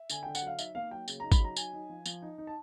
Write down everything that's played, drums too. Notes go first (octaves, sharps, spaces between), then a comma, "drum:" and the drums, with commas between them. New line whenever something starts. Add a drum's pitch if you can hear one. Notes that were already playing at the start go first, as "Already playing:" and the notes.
Already playing: E5
D3 G#5, drum: tambourine
D3 G5
F#5, drum: tambourine
F#3 F5
D#4 E5, drum: tambourine
A#3 F5
F#3 G5
C#3, drum: tambourine
D#4 A#5
B5, drum: kick G#1, tambourine
F#3 A#5
D#4 G#5, drum: tambourine
D#4
F3
F3, drum: tambourine
D#4
D#4
A5